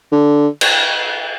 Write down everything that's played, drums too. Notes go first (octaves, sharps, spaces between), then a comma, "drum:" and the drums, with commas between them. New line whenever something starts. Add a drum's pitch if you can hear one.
D3
drum: cymbal